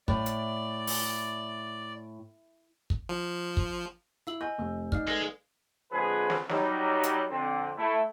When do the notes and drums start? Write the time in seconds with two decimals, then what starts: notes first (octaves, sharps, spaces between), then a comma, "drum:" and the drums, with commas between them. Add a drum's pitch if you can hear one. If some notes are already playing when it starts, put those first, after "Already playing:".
0.08 A2 D5, drum: kick
0.26 drum: hi-hat
0.87 drum: open hi-hat
2.90 drum: kick
3.09 F3
3.57 drum: kick
4.27 E4 F5 E6 F#7
4.41 D#5 G#5 G6
4.58 F1 E6
4.92 D#4 D5 D#5 F5 F6, drum: kick
5.08 G#3 A4 B4 F5
5.92 F2 D3 F3 G#3 G#4 B4
6.30 drum: snare
6.49 F#3 G3 D#4, drum: snare
7.03 drum: hi-hat
7.30 F2 D3 C4
7.78 A3 E4